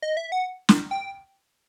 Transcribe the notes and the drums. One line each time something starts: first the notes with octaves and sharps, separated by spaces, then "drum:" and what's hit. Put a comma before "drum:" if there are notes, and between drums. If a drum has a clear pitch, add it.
D#5
E5
F#5
drum: snare
G5